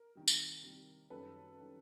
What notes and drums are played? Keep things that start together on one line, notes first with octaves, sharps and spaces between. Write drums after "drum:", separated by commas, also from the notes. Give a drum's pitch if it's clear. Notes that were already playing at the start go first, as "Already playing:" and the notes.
Already playing: A#4
C3 D#3 G3
drum: tambourine
C3 D#3 G3
F#2 D#3 G3 A4 B4
D#3 G3